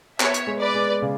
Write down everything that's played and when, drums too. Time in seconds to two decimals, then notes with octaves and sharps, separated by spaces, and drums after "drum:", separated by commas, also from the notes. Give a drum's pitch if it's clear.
0.20 B3 C#5 E5, drum: clap
0.34 drum: hi-hat
0.47 G#3
0.61 B4 D5
0.74 G#3
1.02 C#3